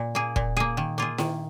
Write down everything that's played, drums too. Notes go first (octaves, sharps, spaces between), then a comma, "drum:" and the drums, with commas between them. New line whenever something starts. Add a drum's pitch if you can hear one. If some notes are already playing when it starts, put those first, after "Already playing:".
Already playing: A#2
A#3 G#4
A#2, drum: kick
A#3 G#4
D#3
A#3 F4 G#4
D#3, drum: snare E4